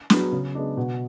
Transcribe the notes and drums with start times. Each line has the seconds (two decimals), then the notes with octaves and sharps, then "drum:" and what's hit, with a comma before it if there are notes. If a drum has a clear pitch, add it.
0.10 F#3 B3 D4 G#4, drum: snare
0.32 C#3
0.55 G#3 B3 D4
0.77 B2